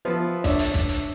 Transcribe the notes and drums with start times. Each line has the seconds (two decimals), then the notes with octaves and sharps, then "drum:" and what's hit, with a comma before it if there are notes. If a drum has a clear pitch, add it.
0.05 F3 B3 E5
0.44 D4 C#5 D5 E5, drum: kick, hi-hat
0.59 drum: hi-hat
0.74 drum: kick, hi-hat
0.89 drum: hi-hat